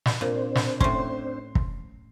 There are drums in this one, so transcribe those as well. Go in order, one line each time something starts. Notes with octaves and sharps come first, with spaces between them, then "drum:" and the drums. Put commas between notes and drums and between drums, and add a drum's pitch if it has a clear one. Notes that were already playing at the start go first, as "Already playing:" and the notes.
drum: snare
A#2 C4 D4 C5
drum: snare
A2 C#4 C6, drum: kick
drum: kick